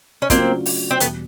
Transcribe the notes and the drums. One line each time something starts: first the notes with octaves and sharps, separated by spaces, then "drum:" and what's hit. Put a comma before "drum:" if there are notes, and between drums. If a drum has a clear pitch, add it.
C#4
C#3 F#3 A3 A#3 C4 D4 F4, drum: kick, hi-hat
drum: open hi-hat
C4
E2 B2 G3 A3 B3, drum: hi-hat